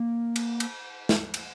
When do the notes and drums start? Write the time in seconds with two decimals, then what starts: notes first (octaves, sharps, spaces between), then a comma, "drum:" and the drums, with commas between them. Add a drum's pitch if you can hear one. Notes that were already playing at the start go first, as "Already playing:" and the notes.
Already playing: A#3
0.36 drum: cymbal
0.60 drum: cymbal
1.09 drum: snare
1.34 drum: cymbal